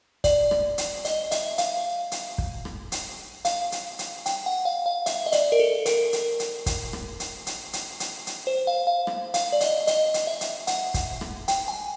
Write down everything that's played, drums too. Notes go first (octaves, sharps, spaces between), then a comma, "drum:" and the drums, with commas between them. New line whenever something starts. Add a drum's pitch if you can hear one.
D5, drum: kick, hi-hat
drum: rim click
drum: hi-hat
D#5, drum: hi-hat
E5, drum: hi-hat
F5, drum: hi-hat
drum: hi-hat
drum: kick
drum: rim click
drum: hi-hat
F5, drum: hi-hat
drum: hi-hat
drum: hi-hat
G5, drum: hi-hat
F#5
F5
F5
E5, drum: hi-hat
D#5
D5, drum: hi-hat
A#4
A4
A#4, drum: hi-hat
drum: hi-hat
drum: hi-hat
drum: kick, hi-hat
drum: rim click
drum: hi-hat
drum: hi-hat
drum: hi-hat
drum: hi-hat
drum: hi-hat
C5
F5
F5
drum: rim click
F5, drum: hi-hat
D5
D#5, drum: hi-hat
D#5, drum: hi-hat
drum: hi-hat
E5
drum: hi-hat
F#5, drum: hi-hat
drum: kick, hi-hat
drum: rim click
G5, drum: hi-hat
G#5